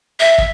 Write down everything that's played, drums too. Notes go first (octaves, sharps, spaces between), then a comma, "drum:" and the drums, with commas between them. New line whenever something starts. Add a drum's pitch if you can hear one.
E5
drum: kick